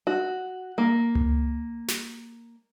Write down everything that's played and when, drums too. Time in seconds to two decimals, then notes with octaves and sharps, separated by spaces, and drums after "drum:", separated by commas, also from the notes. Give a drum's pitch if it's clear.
0.07 F#4
0.78 A#3
1.15 drum: tom C#2
1.88 drum: snare